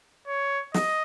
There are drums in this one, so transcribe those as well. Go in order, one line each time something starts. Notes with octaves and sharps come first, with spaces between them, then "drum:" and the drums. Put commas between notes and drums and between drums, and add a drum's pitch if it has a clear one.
C#5
D#5, drum: snare